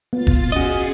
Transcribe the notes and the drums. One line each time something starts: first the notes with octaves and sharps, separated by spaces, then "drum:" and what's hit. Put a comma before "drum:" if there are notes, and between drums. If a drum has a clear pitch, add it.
B3 F4 A6
drum: kick
C#4 F#4 G#4 D#5